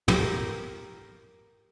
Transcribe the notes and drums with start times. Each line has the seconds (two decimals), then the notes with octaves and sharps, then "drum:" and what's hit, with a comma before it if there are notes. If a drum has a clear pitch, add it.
0.08 G4 A#4, drum: tom